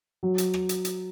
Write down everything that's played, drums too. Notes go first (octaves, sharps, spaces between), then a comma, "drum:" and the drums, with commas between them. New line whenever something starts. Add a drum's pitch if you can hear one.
F#3
drum: hi-hat
drum: rim click
drum: hi-hat
drum: hi-hat